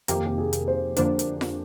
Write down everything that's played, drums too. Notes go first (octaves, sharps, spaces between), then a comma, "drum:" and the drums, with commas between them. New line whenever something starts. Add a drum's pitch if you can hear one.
F2 C3 D#3 A#3 G4, drum: hi-hat
G4
G#4
drum: hi-hat
C5
F2 D3 F3 A#3 D4 C5, drum: hi-hat
drum: hi-hat
drum: snare F4